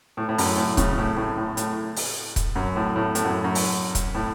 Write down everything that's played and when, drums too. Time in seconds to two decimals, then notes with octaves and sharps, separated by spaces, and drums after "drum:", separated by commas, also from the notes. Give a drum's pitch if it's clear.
0.17 A2
0.29 A2
0.38 F#2, drum: open hi-hat
0.57 A2
0.77 A2 C#3, drum: kick C#1, hi-hat
0.98 A2
1.16 A2
1.38 A2
1.57 A2, drum: hi-hat
1.96 drum: open hi-hat
2.36 drum: kick C#1, hi-hat
2.55 F#2
2.76 A2
2.96 A2
3.15 A2, drum: hi-hat
3.25 F#2
3.44 F#2
3.55 drum: open hi-hat
3.95 drum: kick C#1, hi-hat
4.15 A2